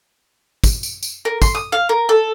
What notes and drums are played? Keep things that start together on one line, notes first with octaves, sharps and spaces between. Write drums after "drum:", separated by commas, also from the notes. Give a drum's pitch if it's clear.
drum: kick, tambourine
drum: tambourine
drum: tambourine
A#4
C6, drum: kick, tambourine
D#6
F5
A#4
A4